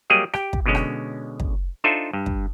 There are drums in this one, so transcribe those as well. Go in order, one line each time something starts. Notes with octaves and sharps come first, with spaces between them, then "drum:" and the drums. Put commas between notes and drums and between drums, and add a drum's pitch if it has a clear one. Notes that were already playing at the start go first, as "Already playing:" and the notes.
F#3 G3 A#3 G4 G#4 D#5
G4 G5, drum: rim click
drum: kick
B2 D3 G#3 C#4
drum: rim click
drum: kick
D4 D#4 F4 A4 C5 E5
G2
drum: kick